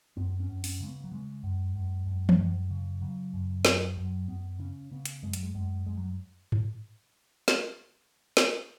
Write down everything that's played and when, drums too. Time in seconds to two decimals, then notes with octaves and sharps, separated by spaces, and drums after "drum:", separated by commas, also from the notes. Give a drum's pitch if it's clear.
0.17 F#2 B3
0.40 C#4
0.49 F#2
0.64 C#4, drum: open hi-hat
0.80 C#3 G#3
0.88 B3
1.04 F#3
1.11 C#3 G#3
1.43 F#2
1.75 F#2
2.06 F#2
2.29 drum: tom E3
2.38 F#2
2.70 C#3
3.01 C#3 F#3
3.34 F#2
3.65 F#2, drum: snare
3.97 F#2 F#3
4.28 F#2 B3
4.59 C#3 C#4
4.92 C#3 B3
5.05 drum: hi-hat
5.23 F#2 G#3
5.33 F#3, drum: hi-hat
5.43 G#3
5.55 F#2 G#3
5.86 F#2 G#3
5.97 F#3
6.52 drum: tom G#2
7.48 drum: snare
8.37 drum: snare